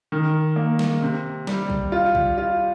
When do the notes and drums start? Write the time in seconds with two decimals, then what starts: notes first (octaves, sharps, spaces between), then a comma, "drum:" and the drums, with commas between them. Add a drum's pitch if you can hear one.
0.12 D#3
0.56 A#3
0.79 drum: snare
1.02 C3
1.47 G3, drum: snare
1.70 drum: kick B1
1.92 F4
2.15 drum: kick B1
2.38 F4